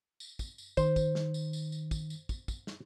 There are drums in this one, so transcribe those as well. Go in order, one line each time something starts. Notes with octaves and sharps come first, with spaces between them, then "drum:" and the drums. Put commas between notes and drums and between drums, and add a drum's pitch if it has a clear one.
drum: tambourine
drum: kick, tambourine
drum: tambourine
D#3 C5, drum: kick, tambourine
drum: kick, tambourine
drum: snare
drum: tambourine
drum: tambourine
drum: tambourine
drum: kick, tambourine
drum: tambourine
drum: kick, tambourine
drum: kick, tambourine
drum: snare